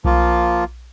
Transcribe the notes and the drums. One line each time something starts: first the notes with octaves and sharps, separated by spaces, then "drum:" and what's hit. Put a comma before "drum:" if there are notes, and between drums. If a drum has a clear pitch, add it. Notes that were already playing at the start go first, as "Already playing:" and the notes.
F3 A#3 F4, drum: kick B1